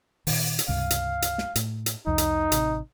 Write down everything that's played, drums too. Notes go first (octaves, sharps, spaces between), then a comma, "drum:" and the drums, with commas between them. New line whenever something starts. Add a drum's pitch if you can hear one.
A#2 D#3, drum: open hi-hat
drum: hi-hat
C#2 G2 C3 F5
drum: hi-hat
drum: hi-hat
drum: snare
A2, drum: hi-hat
drum: hi-hat
C2 F2 D#4
drum: hi-hat
A1 C3, drum: hi-hat